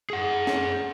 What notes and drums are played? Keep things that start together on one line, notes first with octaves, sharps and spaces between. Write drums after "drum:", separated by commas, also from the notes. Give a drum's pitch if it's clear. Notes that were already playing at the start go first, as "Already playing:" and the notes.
G#4 F#5
drum: snare